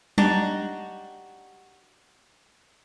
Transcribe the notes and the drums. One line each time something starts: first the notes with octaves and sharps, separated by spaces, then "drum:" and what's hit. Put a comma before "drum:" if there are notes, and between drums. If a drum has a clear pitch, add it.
D4 D#4 F#4 G4, drum: tom F#3